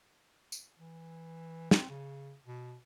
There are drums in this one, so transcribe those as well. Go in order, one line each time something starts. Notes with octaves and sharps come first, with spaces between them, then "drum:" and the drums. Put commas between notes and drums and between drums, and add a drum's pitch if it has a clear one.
drum: tambourine
E3
C4, drum: snare
C#3
B2